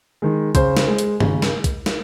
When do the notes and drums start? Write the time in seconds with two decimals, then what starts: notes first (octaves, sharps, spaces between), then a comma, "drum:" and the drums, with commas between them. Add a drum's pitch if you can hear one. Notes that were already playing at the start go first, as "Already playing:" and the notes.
0.22 D#3 G#3
0.55 C#3 C5, drum: kick, hi-hat
0.77 drum: snare
0.88 G#3
0.99 drum: hi-hat
1.20 C#3, drum: tom
1.42 drum: snare
1.64 drum: kick, hi-hat
1.86 drum: snare